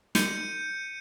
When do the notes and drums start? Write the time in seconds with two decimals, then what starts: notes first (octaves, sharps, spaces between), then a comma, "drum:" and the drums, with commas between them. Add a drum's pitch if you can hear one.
0.15 G6 C#7 D#7, drum: snare